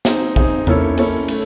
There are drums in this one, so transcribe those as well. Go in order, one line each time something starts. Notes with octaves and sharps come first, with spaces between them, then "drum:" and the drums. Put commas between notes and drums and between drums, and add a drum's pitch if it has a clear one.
C4 D#4 G#4, drum: snare
C4 D#4 G#4, drum: kick A#1
A#3 C#4 E4 A4 C#5, drum: tom E2
A#3 C#4 E4 A4 C#5, drum: cymbal
A3, drum: cymbal